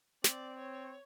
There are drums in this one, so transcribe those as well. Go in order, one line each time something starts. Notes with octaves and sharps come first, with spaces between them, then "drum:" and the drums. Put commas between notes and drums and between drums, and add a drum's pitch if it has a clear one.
C4 D5, drum: snare
C#5